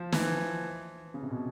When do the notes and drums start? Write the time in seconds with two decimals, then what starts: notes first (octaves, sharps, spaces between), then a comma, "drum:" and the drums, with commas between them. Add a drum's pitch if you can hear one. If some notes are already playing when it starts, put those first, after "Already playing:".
Already playing: F3
0.12 E3, drum: snare
1.14 C#3
1.22 C3
1.31 B2